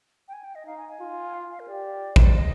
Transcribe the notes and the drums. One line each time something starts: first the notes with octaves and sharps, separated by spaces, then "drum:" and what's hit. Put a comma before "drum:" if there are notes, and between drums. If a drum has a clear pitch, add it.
G5
G#5
G5
D#5
D#4 F5
G#5
G#5
F4
F5
F5
A#4
G4 D5
drum: kick
D#5